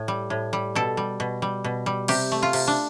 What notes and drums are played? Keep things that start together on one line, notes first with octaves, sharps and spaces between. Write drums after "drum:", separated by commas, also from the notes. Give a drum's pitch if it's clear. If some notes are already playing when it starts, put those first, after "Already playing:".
Already playing: A2
G3
A2
G3
B2 A4
G3
B2
G3
B2
G3
C3 G4, drum: cymbal
A3
F4
C3, drum: cymbal
D4